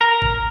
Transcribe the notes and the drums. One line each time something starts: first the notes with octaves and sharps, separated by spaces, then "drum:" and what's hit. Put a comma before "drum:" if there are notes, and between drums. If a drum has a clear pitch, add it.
A#4
drum: kick